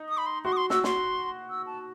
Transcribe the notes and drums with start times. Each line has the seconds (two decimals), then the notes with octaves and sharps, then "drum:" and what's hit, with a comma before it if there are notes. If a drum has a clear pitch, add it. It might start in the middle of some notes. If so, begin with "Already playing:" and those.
Already playing: D#4
0.09 D#6
0.18 B5
0.26 C6
0.44 F#4 C6
0.52 D#6
0.57 C6
0.70 F#4 E6, drum: snare
0.84 C6, drum: snare
1.50 E6
1.66 A5